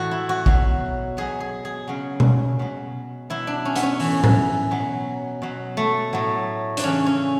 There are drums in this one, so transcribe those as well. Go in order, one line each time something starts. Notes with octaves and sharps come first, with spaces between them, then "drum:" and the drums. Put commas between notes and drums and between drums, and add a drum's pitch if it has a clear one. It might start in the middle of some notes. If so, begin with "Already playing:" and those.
Already playing: A2 E3 F#4
E4
F#4
B2 F#3, drum: kick
B2 F#3 G#4
G#4
G#4
C#3 F#3
drum: tom B2
B2 F#3
B2 F#3 E4
D4
C#4
B3, drum: hi-hat
C#4
A2 E3, drum: open hi-hat
drum: tom A2
B2 F#3
B2 F#3
A3
A2 F#3
D4, drum: hi-hat
C#3 E3 C#4
C#4